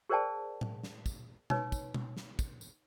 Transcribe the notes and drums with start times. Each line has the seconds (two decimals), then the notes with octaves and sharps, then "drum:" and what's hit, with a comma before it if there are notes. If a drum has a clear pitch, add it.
0.10 G#4 A#4 C5 D5 G5 A5
0.61 drum: tom A2
0.83 drum: snare
1.06 drum: kick, tambourine
1.50 D#4 B4 C#5, drum: tom B2
1.72 drum: kick, tambourine
1.94 drum: tom B2
2.17 drum: snare
2.39 drum: kick, tambourine
2.61 drum: tambourine